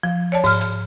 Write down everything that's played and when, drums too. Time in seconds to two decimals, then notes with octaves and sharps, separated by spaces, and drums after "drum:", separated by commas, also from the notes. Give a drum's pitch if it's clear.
0.03 F3
0.32 C#5 D5 A5
0.44 G#2 F6, drum: open hi-hat
0.61 drum: hi-hat